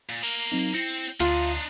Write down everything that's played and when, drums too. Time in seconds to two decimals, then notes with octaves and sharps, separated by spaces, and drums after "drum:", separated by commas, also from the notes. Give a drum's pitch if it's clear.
0.09 A#2
0.23 A#3 A#4, drum: cymbal
0.52 F#3 C4 D#4
0.74 C4 E4 A#6 C#7
1.20 D2 D4 D#4 F4 E5 A6, drum: hi-hat